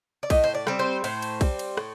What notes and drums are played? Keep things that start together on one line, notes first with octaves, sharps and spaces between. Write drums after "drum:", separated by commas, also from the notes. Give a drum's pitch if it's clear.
D5
A2 D#5, drum: kick B1, cymbal
C5
D5
G3 C4, drum: rim click
C5
A2 C5, drum: cymbal
drum: cymbal
G3 C4, drum: kick B1, cymbal
drum: cymbal
A2, drum: rim click